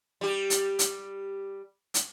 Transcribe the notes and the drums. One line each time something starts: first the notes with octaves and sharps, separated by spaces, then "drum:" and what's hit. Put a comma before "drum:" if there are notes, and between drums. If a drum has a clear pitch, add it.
G3 G4
drum: hi-hat
drum: hi-hat
drum: hi-hat